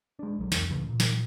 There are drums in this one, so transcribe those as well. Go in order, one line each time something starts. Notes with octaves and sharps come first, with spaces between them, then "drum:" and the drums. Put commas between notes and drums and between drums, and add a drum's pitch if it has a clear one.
G#3 D4
B1 D#3 F#3
C2 F2, drum: snare
C#2 A2 C#3 E3
A#2
drum: snare